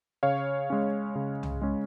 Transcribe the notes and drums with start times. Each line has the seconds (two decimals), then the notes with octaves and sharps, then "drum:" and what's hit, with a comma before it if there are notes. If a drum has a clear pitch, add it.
0.23 C#3 C#5 F5
0.70 G#3 C#4
1.15 C#3
1.43 drum: tom
1.62 G#3 C#4